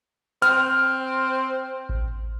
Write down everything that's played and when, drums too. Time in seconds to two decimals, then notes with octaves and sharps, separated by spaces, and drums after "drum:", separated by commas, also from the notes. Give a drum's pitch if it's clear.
0.42 C4 F6, drum: hi-hat
1.89 drum: kick A1